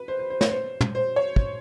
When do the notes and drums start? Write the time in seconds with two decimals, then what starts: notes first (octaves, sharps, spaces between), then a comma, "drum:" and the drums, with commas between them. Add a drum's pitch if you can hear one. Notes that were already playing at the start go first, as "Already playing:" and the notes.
Already playing: B4
0.08 C5
0.19 C5
0.30 C5
0.41 C#5, drum: snare
0.51 C5
0.81 drum: tom
0.95 C5
1.16 C#5
1.36 drum: kick